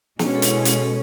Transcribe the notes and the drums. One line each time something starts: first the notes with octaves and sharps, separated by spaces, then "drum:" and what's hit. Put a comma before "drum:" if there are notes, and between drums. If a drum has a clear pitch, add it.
B2 G#3 C#4 D4 F#4, drum: snare
A4
E4 G#4, drum: hi-hat
F#4 A4, drum: hi-hat
A4